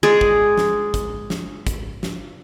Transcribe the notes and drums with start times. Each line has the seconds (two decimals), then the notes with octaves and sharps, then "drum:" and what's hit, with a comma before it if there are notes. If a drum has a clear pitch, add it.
0.03 G#3 G#4 D5
0.21 drum: kick
0.58 drum: snare
0.94 drum: kick, hi-hat
1.30 drum: snare
1.67 drum: kick, hi-hat
2.03 drum: snare